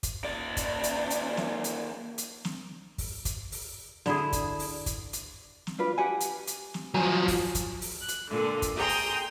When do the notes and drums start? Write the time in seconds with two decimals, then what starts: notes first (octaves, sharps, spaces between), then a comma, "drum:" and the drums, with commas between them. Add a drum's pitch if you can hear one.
0.03 drum: kick, hi-hat
0.24 D#2 D5
0.57 drum: kick, hi-hat
0.84 drum: hi-hat
1.10 drum: hi-hat
1.37 drum: snare
1.64 drum: hi-hat
2.18 drum: hi-hat
2.45 drum: snare
2.98 drum: kick, open hi-hat
3.25 drum: kick, hi-hat
3.52 drum: open hi-hat
4.06 D3 E4 G#4, drum: snare
4.33 drum: kick, hi-hat
4.59 drum: open hi-hat
4.86 drum: kick, hi-hat
5.13 drum: hi-hat
5.67 drum: snare
5.78 D4 F4 B4
5.98 G4 F#5 G#5
6.20 drum: hi-hat
6.47 drum: hi-hat
6.74 drum: snare
6.94 F3 F#3 C5 G#5 A#5
7.28 drum: kick, open hi-hat
7.55 drum: kick, hi-hat
7.82 drum: open hi-hat
7.99 F#6
8.08 drum: hi-hat
8.29 A#2 D3
8.62 drum: kick, hi-hat
8.74 G#4 G5 A#5 C6
8.89 drum: open hi-hat